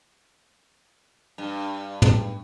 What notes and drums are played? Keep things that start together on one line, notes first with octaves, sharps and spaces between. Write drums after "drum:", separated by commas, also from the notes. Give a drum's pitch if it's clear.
G2
drum: tom